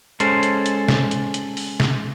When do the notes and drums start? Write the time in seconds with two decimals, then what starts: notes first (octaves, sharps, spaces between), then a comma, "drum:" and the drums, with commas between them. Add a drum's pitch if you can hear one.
0.20 G#3 C#4 A4 C5, drum: hi-hat
0.43 drum: hi-hat
0.66 drum: hi-hat
0.88 drum: snare
1.11 drum: hi-hat
1.34 drum: hi-hat
1.57 drum: open hi-hat
1.80 drum: snare